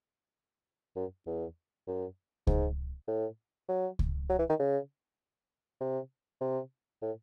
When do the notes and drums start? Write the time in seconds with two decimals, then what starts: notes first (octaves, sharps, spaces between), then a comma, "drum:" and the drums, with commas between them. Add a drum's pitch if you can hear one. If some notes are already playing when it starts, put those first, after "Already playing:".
0.96 F#2
1.27 E2
1.87 F#2
2.47 G#2, drum: kick C#2
3.08 A2
3.69 F#3
3.99 drum: kick C#2
4.30 F#3
4.39 E3
4.49 D#3
4.60 C#3
5.81 C3
6.41 C3
7.02 A2